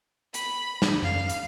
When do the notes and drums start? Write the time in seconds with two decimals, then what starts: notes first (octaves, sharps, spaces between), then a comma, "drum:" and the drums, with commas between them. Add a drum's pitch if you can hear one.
0.34 B5, drum: hi-hat
0.82 drum: snare
1.03 F#2 F5
1.29 drum: hi-hat